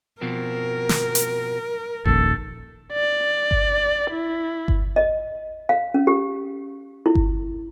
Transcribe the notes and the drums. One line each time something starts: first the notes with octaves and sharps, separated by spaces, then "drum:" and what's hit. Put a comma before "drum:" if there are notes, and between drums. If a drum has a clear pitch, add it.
B2 F3 C4 A#4
drum: snare
drum: hi-hat
D#1 A#1 D#3 A4, drum: kick G1
D5
drum: kick G1
E4
drum: kick G1
D#5
F5
C#4
G4
E4
drum: kick G1